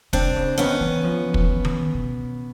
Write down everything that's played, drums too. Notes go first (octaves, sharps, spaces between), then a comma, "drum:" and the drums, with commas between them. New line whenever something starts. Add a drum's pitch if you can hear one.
C3 C4 D4, drum: kick
C#3
D#3 B3 C#4
E3
F3
drum: kick
B2
drum: tom D#3
B2